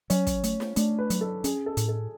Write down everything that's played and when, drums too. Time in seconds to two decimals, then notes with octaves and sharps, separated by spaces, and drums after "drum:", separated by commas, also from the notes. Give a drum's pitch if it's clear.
0.10 F#3 C#4, drum: hi-hat
0.27 drum: kick, hi-hat
0.44 A3, drum: hi-hat
0.60 drum: snare
0.76 A3 D4, drum: hi-hat
0.99 B4
1.10 F#3 B4, drum: hi-hat
1.21 A4
1.44 C#4 G#4, drum: hi-hat
1.66 A4
1.77 A2, drum: hi-hat
1.88 A4